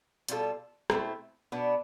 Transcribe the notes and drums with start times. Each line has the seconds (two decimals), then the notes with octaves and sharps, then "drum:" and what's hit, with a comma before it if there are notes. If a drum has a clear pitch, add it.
0.28 B2 G3 D4 F4 A4, drum: hi-hat
0.90 B2 A3 C4 E4, drum: rim click
1.52 B2 B3 D4